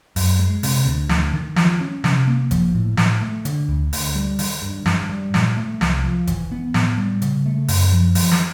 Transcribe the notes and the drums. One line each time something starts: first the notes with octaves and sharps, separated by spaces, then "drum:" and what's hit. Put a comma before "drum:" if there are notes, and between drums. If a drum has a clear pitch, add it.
F#2, drum: open hi-hat
G#3
C3, drum: open hi-hat
D2
D2, drum: snare
D#3
F3, drum: snare
C#4
C3, drum: snare
A#3
F3, drum: kick F#1, hi-hat
A2
A2, drum: snare
A3
D3, drum: hi-hat
D2
D2, drum: open hi-hat
G3
D#3, drum: open hi-hat
G2
G2, drum: snare
G3
A#2, drum: snare
A3
C2, drum: snare
F3
E3, drum: kick F#1, hi-hat
B3
A2, drum: snare
G3
C#3, drum: hi-hat
A3
F#2, drum: open hi-hat
F3
F3, drum: open hi-hat
drum: snare